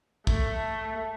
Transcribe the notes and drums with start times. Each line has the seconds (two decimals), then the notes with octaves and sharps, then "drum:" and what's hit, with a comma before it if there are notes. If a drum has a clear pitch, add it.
0.27 A3, drum: kick